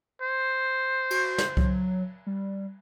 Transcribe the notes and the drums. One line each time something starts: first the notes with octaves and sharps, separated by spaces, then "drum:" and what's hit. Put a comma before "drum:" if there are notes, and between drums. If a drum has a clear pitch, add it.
C5
F#4, drum: cymbal
drum: snare
F#3, drum: kick C2
G3